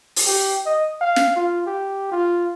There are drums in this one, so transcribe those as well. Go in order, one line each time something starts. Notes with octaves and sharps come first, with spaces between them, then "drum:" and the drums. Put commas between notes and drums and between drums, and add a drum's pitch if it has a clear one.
drum: open hi-hat
G4
D#5
F5
drum: snare
F4
G4
F4